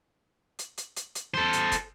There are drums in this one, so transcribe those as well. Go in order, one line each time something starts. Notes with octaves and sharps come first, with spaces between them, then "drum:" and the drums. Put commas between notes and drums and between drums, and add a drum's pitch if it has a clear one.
drum: hi-hat
drum: hi-hat
drum: hi-hat
drum: hi-hat
A4 C5, drum: snare
drum: hi-hat
drum: kick, hi-hat